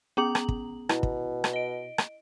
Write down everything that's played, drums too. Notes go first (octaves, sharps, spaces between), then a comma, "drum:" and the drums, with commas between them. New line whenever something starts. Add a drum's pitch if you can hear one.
B3 C#4 G#4 A#5 F#7
drum: rim click
drum: kick
B2 E4, drum: rim click
drum: kick
drum: rim click
D#5 D7
drum: rim click